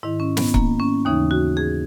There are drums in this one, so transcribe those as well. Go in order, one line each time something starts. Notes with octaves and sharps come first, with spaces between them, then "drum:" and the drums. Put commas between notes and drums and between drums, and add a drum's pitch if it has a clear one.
G#2 D#3 E4
C#4
B3, drum: snare
A#3, drum: kick C#1
C#4
D#2 C#3 E3 D#4
F#4
G#4